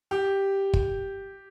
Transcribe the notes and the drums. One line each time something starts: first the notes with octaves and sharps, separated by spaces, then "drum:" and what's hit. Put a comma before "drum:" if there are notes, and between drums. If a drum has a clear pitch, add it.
G4
drum: kick